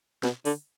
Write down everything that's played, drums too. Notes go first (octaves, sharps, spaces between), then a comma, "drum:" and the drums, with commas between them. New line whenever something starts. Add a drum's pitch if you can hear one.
B2, drum: snare
D3, drum: open hi-hat